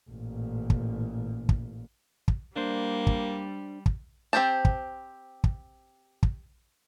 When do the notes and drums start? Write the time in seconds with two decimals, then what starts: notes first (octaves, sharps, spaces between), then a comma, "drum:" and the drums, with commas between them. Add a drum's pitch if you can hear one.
0.11 A1 A#2
0.70 drum: kick
1.49 drum: kick
2.28 drum: kick
2.56 G3 A#3 D4 C5
3.07 drum: kick
3.86 drum: kick
4.33 C4 G4 C5 G5 A5
4.65 drum: kick
5.44 drum: kick
6.23 drum: kick